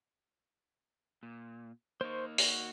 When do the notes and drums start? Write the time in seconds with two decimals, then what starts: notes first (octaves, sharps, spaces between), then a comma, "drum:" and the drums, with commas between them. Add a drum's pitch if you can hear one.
1.23 A#2
2.01 A#3 D#4 C5 C#6
2.38 F#4, drum: open hi-hat